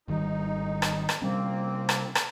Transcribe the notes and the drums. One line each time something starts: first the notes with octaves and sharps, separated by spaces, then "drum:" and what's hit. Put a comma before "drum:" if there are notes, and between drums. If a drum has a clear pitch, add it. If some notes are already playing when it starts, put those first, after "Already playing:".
G#1 D#3 G3 D#4
drum: rim click
drum: rim click
C3 G3 A#3 C4 C#4
drum: rim click
drum: rim click